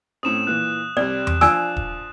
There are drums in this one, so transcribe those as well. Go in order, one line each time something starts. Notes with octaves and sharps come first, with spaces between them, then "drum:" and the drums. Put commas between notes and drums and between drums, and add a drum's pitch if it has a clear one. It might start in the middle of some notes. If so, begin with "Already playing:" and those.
A2 C4 C#4 D#6 E7
A#2 E3 F#6
C2 G3 D5
drum: tom E2
F3 D4 F4 D5 G#5 E6, drum: snare
drum: kick D#1